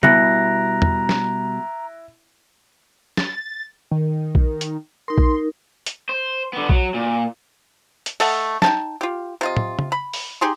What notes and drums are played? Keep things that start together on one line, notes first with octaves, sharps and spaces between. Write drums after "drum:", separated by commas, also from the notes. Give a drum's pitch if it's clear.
B2 G3 E4 A#5 F#6 A#6, drum: tom
drum: tom
drum: snare
A6, drum: snare
D#3
drum: kick A#1
drum: hi-hat
D#4 A#4 C6
drum: kick A#1
drum: hi-hat
C5
D3 B3
F#3, drum: kick A#1
A#2
drum: hi-hat
A3 A4 D#5 F#5, drum: open hi-hat
D#4 G5 A5, drum: snare
F4 G4
C3 F4 D#5
drum: tom
drum: tom
B5
drum: open hi-hat
D#4 G4 G#4 C6